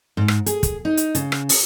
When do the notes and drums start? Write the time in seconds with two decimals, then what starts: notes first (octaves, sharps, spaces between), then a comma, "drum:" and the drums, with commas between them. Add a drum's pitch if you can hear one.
0.17 G#2
0.28 drum: rim click
0.46 G#4, drum: hi-hat
0.63 drum: kick, hi-hat
0.85 D#4
0.97 drum: hi-hat
1.15 C#3, drum: hi-hat
1.32 drum: rim click
1.49 drum: open hi-hat